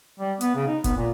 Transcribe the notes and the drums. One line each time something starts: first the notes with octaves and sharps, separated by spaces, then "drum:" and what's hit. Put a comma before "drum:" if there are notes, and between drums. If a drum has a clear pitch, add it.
G3
B3, drum: hi-hat
C#3
D#4
B3, drum: kick F1, hi-hat
A#2